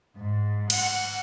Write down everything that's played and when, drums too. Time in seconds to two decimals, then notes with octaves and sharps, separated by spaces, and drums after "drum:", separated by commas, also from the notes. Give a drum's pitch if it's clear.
0.17 G#2
0.70 F#5, drum: cymbal